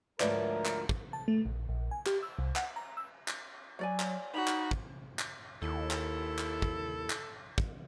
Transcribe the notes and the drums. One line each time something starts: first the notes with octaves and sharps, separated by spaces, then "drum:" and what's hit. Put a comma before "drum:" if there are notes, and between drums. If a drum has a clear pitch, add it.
D2 G#2 F3 A#4 B4 C#5 D5 E5, drum: clap
drum: clap
drum: kick
A5
A3
A#1
A#1
G#5
G4, drum: clap
E6
C2
F#5, drum: clap
A#5
E6
drum: clap
F#3 C#5 D5 G#5
drum: clap
D#4 F#4 B5
drum: clap
drum: kick
drum: clap
D#2 E4 A4
drum: clap
drum: clap
drum: kick
drum: clap
drum: kick